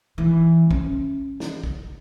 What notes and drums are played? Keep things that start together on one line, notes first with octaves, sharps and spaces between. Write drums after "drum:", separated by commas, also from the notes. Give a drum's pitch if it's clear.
E3
C#4, drum: kick
drum: snare
drum: kick